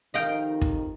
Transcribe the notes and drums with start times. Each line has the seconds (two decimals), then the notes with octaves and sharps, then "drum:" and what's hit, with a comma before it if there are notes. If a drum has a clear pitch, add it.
0.14 F2 C3 D#3 D#5 F5 G5
0.61 drum: kick